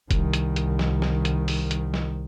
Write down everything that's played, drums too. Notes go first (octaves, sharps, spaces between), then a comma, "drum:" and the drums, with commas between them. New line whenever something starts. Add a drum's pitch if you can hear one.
C2 D#3, drum: kick, hi-hat
drum: hi-hat
drum: hi-hat
drum: snare
drum: snare
drum: hi-hat
drum: open hi-hat
drum: hi-hat
drum: snare